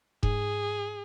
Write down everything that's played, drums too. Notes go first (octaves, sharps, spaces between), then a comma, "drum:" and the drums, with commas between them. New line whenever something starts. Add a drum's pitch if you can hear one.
G#2 G#4, drum: kick E1